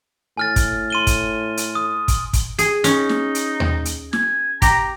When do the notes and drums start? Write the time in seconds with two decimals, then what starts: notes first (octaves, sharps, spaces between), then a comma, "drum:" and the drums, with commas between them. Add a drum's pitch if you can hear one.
0.37 A2 G#5 F6 A6
0.56 drum: kick, hi-hat
0.90 C6 D#7 G7
1.07 drum: kick, hi-hat
1.57 drum: hi-hat
1.75 D#6
2.08 drum: kick, hi-hat
2.33 drum: kick, hi-hat
2.59 G#4, drum: hi-hat
2.84 C#4 D#4, drum: hi-hat
3.09 drum: snare
3.35 drum: hi-hat
3.60 drum: tom D#2
3.85 drum: hi-hat
4.13 G#5, drum: snare
4.62 G4 A#5, drum: kick, hi-hat